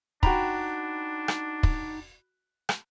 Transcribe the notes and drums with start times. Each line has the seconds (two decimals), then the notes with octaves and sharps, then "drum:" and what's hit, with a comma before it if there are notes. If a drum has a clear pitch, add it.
0.23 D4 D#4 F#4 G5 A#5 B5, drum: kick
1.28 drum: rim click
1.63 drum: kick
2.69 drum: rim click